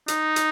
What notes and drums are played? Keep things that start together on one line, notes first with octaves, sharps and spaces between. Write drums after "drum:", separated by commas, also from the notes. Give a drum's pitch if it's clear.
D#4, drum: hi-hat
drum: hi-hat